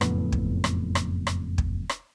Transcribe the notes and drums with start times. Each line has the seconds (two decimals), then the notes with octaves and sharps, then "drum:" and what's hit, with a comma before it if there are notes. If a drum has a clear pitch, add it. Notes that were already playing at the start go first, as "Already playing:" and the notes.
0.01 F#1 F2 A2 B3, drum: rim click
0.32 drum: kick
0.64 drum: rim click
0.95 drum: rim click
1.27 drum: rim click
1.58 drum: kick
1.89 drum: rim click